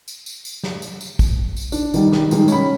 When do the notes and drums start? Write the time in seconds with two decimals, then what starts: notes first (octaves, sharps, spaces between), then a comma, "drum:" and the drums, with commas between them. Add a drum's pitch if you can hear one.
0.08 drum: tambourine
0.26 drum: tambourine
0.45 drum: tambourine
0.63 drum: snare
0.82 drum: tambourine
1.01 drum: tambourine
1.19 drum: kick, tambourine
1.57 drum: tambourine
1.72 D4, drum: tambourine
1.94 D#3 G3, drum: tambourine
2.12 drum: snare
2.31 D#3 G3 G#3, drum: tambourine
2.48 C#4 B5, drum: tambourine